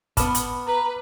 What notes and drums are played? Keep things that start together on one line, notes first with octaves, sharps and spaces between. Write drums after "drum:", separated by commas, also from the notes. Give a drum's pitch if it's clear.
B3 A5 B5 D6 F6, drum: kick, hi-hat
drum: hi-hat
B4 A#5